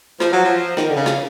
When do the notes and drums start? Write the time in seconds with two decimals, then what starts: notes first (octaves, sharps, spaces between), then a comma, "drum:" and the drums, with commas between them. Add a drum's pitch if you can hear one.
0.20 F3, drum: snare
0.32 F#3
0.45 F3
0.77 D#3, drum: snare
0.89 D3
0.96 C#3
1.06 drum: snare